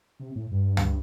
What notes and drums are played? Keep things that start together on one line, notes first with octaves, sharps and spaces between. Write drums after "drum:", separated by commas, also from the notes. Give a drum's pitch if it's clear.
C3
A2
G2
drum: tom